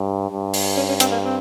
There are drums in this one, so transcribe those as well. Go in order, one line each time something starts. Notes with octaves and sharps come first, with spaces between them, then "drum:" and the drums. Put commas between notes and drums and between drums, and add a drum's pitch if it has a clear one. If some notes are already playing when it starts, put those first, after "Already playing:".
Already playing: G2
G2
drum: open hi-hat
C#4
C#4
C4, drum: hi-hat
A#3
C4